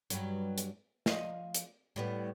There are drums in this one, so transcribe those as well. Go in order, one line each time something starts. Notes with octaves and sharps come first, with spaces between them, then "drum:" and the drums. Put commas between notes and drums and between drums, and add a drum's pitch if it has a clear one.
G2 F#3, drum: hi-hat
drum: hi-hat
F3 D#5 F5, drum: snare
drum: hi-hat
A2 G3 B3